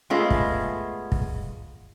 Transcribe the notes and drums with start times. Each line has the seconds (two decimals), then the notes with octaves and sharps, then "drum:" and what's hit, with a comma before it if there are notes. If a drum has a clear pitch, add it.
0.10 G#3 A3 B3 C#4 F4
0.30 drum: kick
1.12 drum: kick